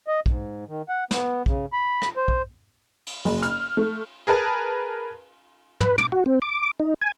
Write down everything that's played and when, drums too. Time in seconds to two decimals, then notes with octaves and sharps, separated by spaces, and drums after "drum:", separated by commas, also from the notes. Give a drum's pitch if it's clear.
0.08 D#5
0.26 G#2, drum: kick
0.68 D#3
0.89 F#5
1.11 B3, drum: snare
1.46 C#3, drum: kick
1.73 B5
2.02 drum: rim click
2.17 C5
2.28 drum: kick
3.06 drum: cymbal
3.25 F#1, drum: open hi-hat
3.42 F6, drum: hi-hat
3.77 A3
4.27 G#4 A#4 B4 A5
5.81 B4, drum: tom
5.98 D6, drum: tom
6.12 F#4
6.26 C4
6.42 D6
6.80 D#4
7.01 G#5